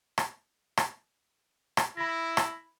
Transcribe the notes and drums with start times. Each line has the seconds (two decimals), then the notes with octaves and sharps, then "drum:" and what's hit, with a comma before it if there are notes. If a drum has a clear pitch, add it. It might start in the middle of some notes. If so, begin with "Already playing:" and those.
0.18 drum: rim click
0.77 drum: rim click
1.77 drum: rim click
1.97 E4 B5 A#6
2.37 drum: rim click